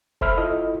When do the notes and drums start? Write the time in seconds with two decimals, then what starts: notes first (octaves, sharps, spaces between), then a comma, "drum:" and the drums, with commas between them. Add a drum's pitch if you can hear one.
0.21 A4 C5 E5 B5 F6, drum: kick F1
0.37 E4 F4 A4 D#5